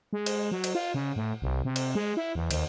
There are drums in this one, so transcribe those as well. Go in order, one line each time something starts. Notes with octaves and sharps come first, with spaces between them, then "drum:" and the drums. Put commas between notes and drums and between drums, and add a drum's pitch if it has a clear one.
G#3
drum: cymbal
F#3
drum: cymbal
F4
C#3
A2
C2
C3
drum: cymbal
G#3
E4
E2
D#2, drum: cymbal